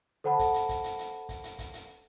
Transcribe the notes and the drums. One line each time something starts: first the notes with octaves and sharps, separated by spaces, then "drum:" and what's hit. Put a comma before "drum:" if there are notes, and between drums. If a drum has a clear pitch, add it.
A4 C5 F#5 A5 B5
drum: kick, hi-hat
drum: hi-hat
drum: kick, hi-hat
drum: hi-hat
drum: hi-hat
drum: kick, hi-hat
drum: hi-hat
drum: kick, hi-hat
drum: hi-hat